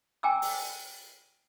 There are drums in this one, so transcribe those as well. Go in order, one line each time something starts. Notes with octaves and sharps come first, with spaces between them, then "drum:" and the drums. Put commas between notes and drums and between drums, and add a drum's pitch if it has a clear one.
G5 G#5 A#5 D6 E6
drum: open hi-hat